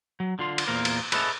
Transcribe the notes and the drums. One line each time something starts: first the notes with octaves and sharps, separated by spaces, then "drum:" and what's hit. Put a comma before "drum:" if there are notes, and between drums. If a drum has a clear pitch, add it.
F#3
D3 F4 C6
drum: cymbal
E2 A#2 A#3 A#4 C5
drum: cymbal
G#4 B4 C#5 D#5 E5 A5, drum: cymbal